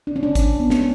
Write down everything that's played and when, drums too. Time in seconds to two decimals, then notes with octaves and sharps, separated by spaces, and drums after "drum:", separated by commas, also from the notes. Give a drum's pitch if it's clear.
0.07 D4
0.16 C#4
0.23 D4
0.35 drum: kick, hi-hat
0.60 B3
0.70 C#4, drum: snare